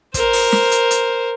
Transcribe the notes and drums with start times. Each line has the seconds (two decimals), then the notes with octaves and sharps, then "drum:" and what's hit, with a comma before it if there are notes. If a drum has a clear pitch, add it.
0.14 A#4 C5, drum: kick, hi-hat
0.33 drum: open hi-hat
0.52 drum: snare
0.72 drum: hi-hat
0.91 drum: hi-hat